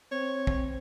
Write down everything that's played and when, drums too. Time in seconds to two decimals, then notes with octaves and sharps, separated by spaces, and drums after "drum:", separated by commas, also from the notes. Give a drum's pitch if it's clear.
0.12 C4 C#5
0.47 drum: kick